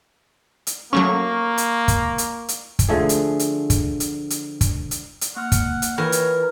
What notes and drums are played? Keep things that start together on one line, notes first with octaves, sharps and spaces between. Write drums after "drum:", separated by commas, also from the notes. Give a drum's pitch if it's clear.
drum: hi-hat
F#3 A3 A#3 C#4 C#6
drum: hi-hat
drum: kick, hi-hat
drum: hi-hat
drum: hi-hat
drum: kick, hi-hat
D3 F3 A3 G#4
drum: hi-hat
drum: hi-hat
drum: kick, hi-hat
drum: hi-hat
drum: hi-hat
drum: kick, hi-hat
drum: hi-hat
drum: hi-hat
A#3 F#5 F6
drum: kick, hi-hat
drum: hi-hat
E3 F4 A#4 C#5 G5 B5
drum: hi-hat